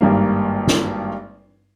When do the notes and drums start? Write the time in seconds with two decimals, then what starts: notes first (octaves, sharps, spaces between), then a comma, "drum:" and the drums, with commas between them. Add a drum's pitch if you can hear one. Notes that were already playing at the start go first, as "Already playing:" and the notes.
0.01 G#1 G2 G3 A#3
0.67 drum: snare